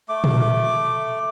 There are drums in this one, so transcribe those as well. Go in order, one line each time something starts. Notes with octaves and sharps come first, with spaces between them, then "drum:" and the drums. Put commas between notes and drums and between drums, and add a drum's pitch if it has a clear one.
A3 D6
drum: tom A#2